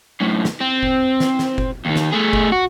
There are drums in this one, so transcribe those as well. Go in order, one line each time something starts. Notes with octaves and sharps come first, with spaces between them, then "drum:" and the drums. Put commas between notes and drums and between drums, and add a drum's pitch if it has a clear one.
F#2 A2
drum: snare
C4
drum: kick F#1
drum: snare
drum: snare
drum: kick F#1
D#2 D#3
drum: snare
A3 G#4
drum: kick F#1
F#4